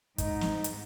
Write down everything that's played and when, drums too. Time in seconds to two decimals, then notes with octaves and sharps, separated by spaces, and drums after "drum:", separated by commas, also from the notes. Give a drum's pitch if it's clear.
0.18 G#2 D#4, drum: kick, hi-hat
0.41 drum: snare
0.64 drum: hi-hat